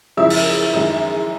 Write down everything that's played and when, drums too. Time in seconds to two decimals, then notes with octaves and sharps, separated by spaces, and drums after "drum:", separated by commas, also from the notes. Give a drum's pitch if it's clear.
0.17 F#2 C#3 F3 G#3 E4 E5
0.30 drum: open hi-hat
0.73 F#2 D#3 G#3